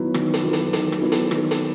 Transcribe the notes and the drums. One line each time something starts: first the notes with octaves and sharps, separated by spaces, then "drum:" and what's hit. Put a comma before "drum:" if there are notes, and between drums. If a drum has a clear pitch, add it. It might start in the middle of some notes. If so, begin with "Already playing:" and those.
Already playing: D#3 F#3 B3 E4
D#3, drum: rim click
drum: hi-hat
F#3 B3 E4
drum: hi-hat
D#3, drum: hi-hat
drum: rim click
F#3 B3 E4
drum: hi-hat
D#3, drum: rim click
drum: hi-hat